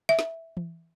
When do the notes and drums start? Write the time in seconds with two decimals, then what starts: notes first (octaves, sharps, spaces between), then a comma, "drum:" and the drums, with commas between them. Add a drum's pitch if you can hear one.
0.09 E5
0.19 drum: snare
0.57 drum: tom E3